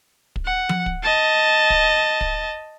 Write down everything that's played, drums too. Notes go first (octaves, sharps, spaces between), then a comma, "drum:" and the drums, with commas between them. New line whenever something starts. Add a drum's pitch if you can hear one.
drum: kick
F#5
drum: tom F3
drum: kick
D#5 A5
drum: kick
drum: kick